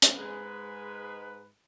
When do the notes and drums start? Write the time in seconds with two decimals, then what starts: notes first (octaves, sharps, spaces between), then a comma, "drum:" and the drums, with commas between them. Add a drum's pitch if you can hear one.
0.02 drum: hi-hat
0.16 G#2 G#3 B4